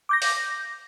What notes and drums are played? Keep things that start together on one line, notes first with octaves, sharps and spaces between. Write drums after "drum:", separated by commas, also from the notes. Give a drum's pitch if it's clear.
D6 G6 A#6
drum: open hi-hat